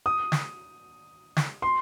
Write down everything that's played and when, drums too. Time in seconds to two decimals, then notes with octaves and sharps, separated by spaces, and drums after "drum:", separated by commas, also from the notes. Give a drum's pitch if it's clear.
0.06 D#6
0.32 drum: snare
1.37 drum: snare
1.62 C6